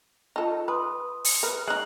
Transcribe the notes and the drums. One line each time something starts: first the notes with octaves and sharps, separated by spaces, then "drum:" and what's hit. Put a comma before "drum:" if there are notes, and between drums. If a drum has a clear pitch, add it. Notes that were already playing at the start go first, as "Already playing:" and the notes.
D#4 F4 A4 D#5
B4 C6 D#6
drum: open hi-hat
A#4 B4
G#3 D#4 F6 F#6 F#7